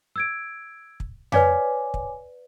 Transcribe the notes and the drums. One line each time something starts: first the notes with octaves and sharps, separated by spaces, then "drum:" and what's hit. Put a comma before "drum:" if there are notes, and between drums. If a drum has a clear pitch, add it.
E6 G#6 D7
drum: kick
B4 C#5 D5 F5 G#5 D6, drum: tom F2
drum: kick